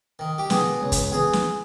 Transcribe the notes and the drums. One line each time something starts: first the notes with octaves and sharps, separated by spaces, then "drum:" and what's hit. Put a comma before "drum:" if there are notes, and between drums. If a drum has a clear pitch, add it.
D#3
G4
B2 G#4, drum: snare
C#2
drum: kick, hi-hat
E2 G#4
drum: snare